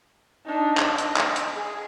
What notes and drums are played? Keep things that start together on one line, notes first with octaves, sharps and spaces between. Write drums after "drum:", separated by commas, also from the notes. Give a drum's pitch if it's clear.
D4 D#4
drum: clap
D#5, drum: hi-hat
drum: clap
drum: hi-hat
G#4